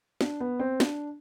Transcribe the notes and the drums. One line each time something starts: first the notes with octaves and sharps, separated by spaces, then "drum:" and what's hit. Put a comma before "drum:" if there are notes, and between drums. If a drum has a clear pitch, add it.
D4, drum: snare
B3
C4
D4, drum: snare